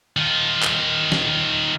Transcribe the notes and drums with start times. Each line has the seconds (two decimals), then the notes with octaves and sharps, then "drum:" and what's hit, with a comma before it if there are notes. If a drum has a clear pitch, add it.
0.17 D#3 F4
0.63 drum: clap
1.12 drum: snare